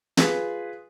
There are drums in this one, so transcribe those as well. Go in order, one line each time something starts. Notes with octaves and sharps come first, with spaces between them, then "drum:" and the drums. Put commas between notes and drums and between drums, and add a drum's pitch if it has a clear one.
F4 G#4 B4 C6, drum: snare